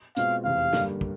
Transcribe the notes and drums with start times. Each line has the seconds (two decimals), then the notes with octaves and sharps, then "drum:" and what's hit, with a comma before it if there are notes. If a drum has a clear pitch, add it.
0.17 B2 G#3 C4 F4 F5, drum: hi-hat
0.44 F1 E2 C3 F5
0.73 G2 D3 G3 A#3 D4, drum: snare
1.01 drum: kick